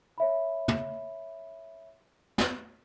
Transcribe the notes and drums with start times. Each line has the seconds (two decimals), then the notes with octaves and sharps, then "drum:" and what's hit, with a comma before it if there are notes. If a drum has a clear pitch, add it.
0.18 C#5 E5 B5
0.68 drum: tom
2.38 drum: snare